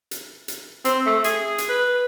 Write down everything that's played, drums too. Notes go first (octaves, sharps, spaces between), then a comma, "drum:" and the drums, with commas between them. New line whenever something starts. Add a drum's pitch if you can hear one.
drum: hi-hat
drum: hi-hat
C4, drum: hi-hat
A3
G#4, drum: hi-hat
drum: hi-hat
B4